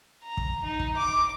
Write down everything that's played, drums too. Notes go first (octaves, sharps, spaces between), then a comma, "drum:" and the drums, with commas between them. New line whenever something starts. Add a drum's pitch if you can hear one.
A#5
drum: kick
D#4
drum: kick
D6